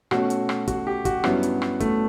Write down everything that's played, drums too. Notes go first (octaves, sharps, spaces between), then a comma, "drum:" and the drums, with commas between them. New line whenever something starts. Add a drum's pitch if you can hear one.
B2 A3 C#4 F#4, drum: rim click
drum: hi-hat
drum: rim click
F#4, drum: kick, hi-hat
G4
F#4, drum: kick, hi-hat
G2 F#3 B3 C#4 E4, drum: rim click
drum: hi-hat
drum: rim click
A3, drum: kick, hi-hat